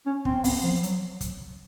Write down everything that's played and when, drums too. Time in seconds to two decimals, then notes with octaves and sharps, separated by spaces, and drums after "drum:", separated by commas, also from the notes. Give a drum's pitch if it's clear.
0.06 C#4
0.25 C4, drum: kick
0.35 C4
0.44 B3, drum: kick, open hi-hat
0.63 F3
0.83 F#3, drum: hi-hat
1.21 drum: kick, hi-hat